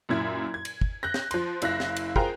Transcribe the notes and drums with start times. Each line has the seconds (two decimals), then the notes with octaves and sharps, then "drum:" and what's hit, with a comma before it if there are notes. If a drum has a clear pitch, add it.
0.09 F#2 A#2 E4 G#6
0.54 G#6
0.65 drum: cymbal
0.81 drum: kick
1.03 F#6 G6 A#6
1.14 drum: snare
1.31 F3 C6, drum: cymbal
1.62 F#1 E4 F5 F#6 A#6, drum: cymbal
1.80 drum: snare
1.96 drum: cymbal
2.16 F4 G#4 A#4 C5 G5 A#5, drum: kick